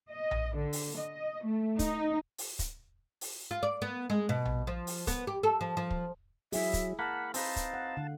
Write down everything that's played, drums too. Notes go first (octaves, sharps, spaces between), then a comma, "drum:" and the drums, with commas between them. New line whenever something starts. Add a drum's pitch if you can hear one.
D#5
drum: tom A#1
D3
drum: open hi-hat
D#5
A3
D#4, drum: kick, hi-hat
drum: open hi-hat
drum: kick, hi-hat
drum: open hi-hat
F4
D5
B3
G#3
B2
drum: tom A#1
F3
drum: open hi-hat
B3, drum: kick, hi-hat
G4
A4
F3
F3
drum: kick
F#3 E4 G#4 E5, drum: open hi-hat
drum: kick, hi-hat
A#3 F#5 A5 B5
C4 D#4 B4 F5 A5, drum: open hi-hat
drum: kick, hi-hat
F#5
D3